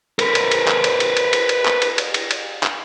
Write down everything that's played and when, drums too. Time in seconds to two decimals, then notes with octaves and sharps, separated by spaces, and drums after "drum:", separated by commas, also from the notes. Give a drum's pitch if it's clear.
0.19 A#4 B4, drum: cymbal
0.35 drum: cymbal
0.51 drum: cymbal
0.68 drum: clap
0.84 drum: cymbal
1.00 drum: cymbal
1.17 drum: cymbal
1.33 drum: cymbal
1.49 drum: cymbal
1.65 drum: clap
1.82 drum: cymbal
1.98 drum: cymbal
2.14 drum: cymbal
2.31 drum: cymbal
2.63 drum: clap